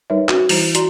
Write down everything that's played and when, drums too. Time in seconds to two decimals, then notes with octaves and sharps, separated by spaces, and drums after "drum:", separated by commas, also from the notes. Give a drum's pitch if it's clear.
0.10 G3 D#4 A#4 B4 C#5 E5
0.29 C#4 F#4, drum: clap
0.49 E3 G3 E4 C5 A#5, drum: open hi-hat
0.75 F#4 D5 A#5 C6, drum: hi-hat